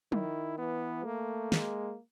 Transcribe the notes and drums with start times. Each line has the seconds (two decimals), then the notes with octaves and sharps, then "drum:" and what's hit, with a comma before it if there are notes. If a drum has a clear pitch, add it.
0.12 D#3 E4, drum: tom
0.58 E3 B3
1.04 A3 A#3
1.52 G#3, drum: snare